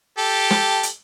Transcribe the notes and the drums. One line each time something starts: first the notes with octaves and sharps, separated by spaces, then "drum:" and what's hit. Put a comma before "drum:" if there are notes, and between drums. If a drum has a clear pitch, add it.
G4 A4
drum: snare
drum: hi-hat